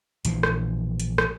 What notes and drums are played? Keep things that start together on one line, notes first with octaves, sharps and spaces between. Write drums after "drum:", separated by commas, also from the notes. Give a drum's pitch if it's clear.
A#1 E3 F3, drum: hi-hat
drum: rim click
drum: hi-hat
drum: rim click